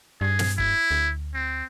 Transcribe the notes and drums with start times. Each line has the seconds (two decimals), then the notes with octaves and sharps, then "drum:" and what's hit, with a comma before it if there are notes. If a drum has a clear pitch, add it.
0.21 G2 G#4
0.39 drum: snare
0.58 E4, drum: kick
0.91 D2
1.34 C4